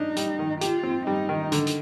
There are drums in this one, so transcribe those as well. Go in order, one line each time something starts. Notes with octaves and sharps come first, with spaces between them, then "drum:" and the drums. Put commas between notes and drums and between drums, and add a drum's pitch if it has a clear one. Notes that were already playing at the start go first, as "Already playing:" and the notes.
Already playing: D4 D#4
G3, drum: hi-hat
D#3
F4 G4, drum: hi-hat
C4
G3 D#4
D#3
D3, drum: hi-hat
drum: hi-hat